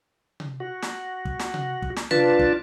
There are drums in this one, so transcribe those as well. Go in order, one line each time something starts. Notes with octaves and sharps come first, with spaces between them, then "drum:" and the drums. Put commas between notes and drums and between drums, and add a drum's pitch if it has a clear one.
drum: tom C3
F#4
drum: snare
drum: kick
drum: snare
drum: tom C3
drum: kick
drum: snare
D4 F4 B4 A5, drum: tom C3
drum: kick